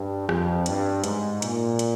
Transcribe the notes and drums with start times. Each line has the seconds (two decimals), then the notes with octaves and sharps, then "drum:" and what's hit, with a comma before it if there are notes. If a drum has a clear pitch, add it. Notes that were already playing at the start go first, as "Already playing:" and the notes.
Already playing: G2
0.29 F2, drum: rim click
0.66 G2, drum: hi-hat
1.04 G#2, drum: hi-hat
1.42 A#2, drum: hi-hat
1.79 drum: hi-hat